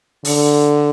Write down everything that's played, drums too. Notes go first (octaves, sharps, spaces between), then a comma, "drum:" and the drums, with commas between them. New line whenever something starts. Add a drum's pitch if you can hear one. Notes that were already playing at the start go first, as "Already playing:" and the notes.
D3, drum: open hi-hat